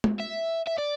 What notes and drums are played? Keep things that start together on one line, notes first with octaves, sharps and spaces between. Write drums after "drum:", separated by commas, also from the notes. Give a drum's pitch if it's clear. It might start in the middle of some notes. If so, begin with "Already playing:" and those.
drum: tom G#3
E5
E5
D5